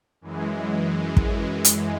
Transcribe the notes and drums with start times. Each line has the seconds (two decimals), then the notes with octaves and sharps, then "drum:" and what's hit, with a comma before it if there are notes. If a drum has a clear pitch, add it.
0.21 F#2 E3 G#3
1.17 drum: kick
1.65 drum: hi-hat